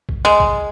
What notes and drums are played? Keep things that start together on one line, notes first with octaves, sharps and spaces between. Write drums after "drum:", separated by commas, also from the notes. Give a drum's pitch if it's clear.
drum: kick
G#3
drum: kick